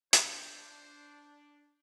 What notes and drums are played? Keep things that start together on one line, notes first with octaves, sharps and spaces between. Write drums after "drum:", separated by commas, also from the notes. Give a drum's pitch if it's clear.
D4 C5, drum: hi-hat